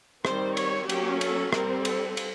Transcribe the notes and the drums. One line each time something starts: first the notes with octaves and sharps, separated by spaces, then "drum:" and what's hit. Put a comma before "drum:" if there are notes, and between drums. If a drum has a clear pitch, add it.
D#3 G3 C4 C5, drum: rim click
C#5, drum: cymbal
F#3 A#3 C#4 G4, drum: cymbal
A4, drum: cymbal
G3 C4 A#4, drum: rim click
A4, drum: cymbal
drum: cymbal